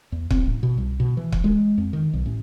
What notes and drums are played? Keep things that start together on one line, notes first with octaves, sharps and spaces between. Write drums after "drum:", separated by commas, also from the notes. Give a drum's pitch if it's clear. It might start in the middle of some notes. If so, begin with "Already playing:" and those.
E2
C4, drum: kick
A1
B2
C2
B2
E3
drum: kick
G#3
F2
D#3
B1
A1